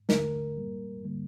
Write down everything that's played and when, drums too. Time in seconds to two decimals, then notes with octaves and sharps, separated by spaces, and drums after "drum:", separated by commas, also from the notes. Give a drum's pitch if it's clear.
0.09 D#2 D3 A3 A#4, drum: snare
0.57 A#2 G3 A#3
1.05 D3 G3 A#3